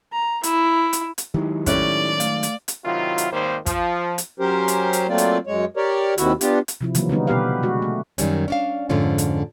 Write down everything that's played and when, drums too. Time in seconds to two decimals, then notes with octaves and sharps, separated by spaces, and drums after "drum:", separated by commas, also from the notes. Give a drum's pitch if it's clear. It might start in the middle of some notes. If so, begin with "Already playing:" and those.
0.13 A#5
0.43 E4, drum: hi-hat
0.93 drum: hi-hat
1.18 drum: hi-hat
1.34 D#3 F#3 G#3 D#4 E4 G4
1.66 A2 C#4 D5 F#6, drum: kick, hi-hat
2.20 A3 F5, drum: hi-hat
2.43 drum: hi-hat
2.68 drum: hi-hat
2.85 C3 D#3 F#3 E4 F4
3.18 drum: hi-hat
3.32 G#1 D#2 D#3 G3 A#3 C5
3.66 F3, drum: kick, hi-hat
4.18 drum: hi-hat
4.40 F#3 C#4 G4 A#4 C5
4.68 drum: hi-hat
4.93 drum: hi-hat
5.09 F#3 A3 A#3 C4 F4 D5
5.18 drum: hi-hat
5.47 F#2 G#3 C#5
5.77 G4 A#4 C#5 D5
6.18 D#2 C3 D#3 E4 F#4 E5, drum: hi-hat
6.41 B3 D4 F4 G4, drum: hi-hat
6.68 drum: hi-hat
6.81 C3 F3 E4
6.95 C#3 E3 F#3 A#3, drum: hi-hat
7.09 D3 G3 B3 D#4
7.27 B2 B3 G4 B4 F5
7.63 G#3 F#4
7.82 A3
8.18 F#2 D#3 G3 C#4, drum: hi-hat
8.48 C#4 D4 F5
8.89 F2 G#2 D3 C#4 F4
9.18 drum: hi-hat